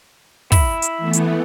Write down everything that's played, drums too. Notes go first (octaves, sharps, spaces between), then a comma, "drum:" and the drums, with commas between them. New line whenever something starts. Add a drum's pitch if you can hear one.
E4, drum: kick, open hi-hat
drum: hi-hat
E3 A3 B3
drum: hi-hat